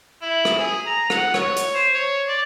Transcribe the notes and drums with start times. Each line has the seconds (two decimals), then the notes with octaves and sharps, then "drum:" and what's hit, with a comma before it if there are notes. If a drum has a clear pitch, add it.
0.22 E4
0.45 drum: rim click
0.59 G#4
0.86 A#5
1.10 F#5, drum: rim click
1.34 C#5, drum: rim click
1.56 drum: hi-hat
1.75 C5
1.95 C#5
2.28 D5